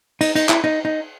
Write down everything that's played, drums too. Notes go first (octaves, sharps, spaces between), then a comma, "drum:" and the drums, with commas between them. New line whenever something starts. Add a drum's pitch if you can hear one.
D#4, drum: cymbal
D#4, drum: cymbal
E4, drum: clap
D#4
D#4